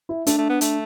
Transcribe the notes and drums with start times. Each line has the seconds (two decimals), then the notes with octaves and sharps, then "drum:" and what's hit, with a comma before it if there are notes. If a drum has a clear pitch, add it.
0.09 E4
0.27 A3 D4, drum: hi-hat
0.38 A3
0.49 B3
0.61 A3, drum: hi-hat